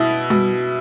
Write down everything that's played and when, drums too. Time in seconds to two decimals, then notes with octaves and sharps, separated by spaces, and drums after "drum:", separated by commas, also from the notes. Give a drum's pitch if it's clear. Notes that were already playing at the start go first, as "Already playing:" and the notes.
Already playing: B2 E4 D#6
0.30 B2, drum: tom G3